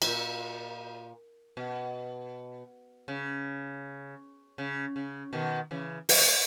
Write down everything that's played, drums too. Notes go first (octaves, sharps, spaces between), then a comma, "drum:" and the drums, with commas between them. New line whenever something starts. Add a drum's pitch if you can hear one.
G#2, drum: cymbal
A#2
B2
C#3
C#3
C#3
B2 D#3
C#3 E3
F#3, drum: open hi-hat
G#3